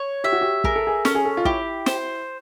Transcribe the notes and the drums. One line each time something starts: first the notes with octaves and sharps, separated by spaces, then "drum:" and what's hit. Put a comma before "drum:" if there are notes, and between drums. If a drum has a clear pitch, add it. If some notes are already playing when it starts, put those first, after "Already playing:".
Already playing: C#5
G4 E5
F#4
G4
G#4 A#4, drum: kick
A4
G#4
C#4 A4, drum: snare
G#4
A4
F4
E4 G4, drum: kick
C5, drum: snare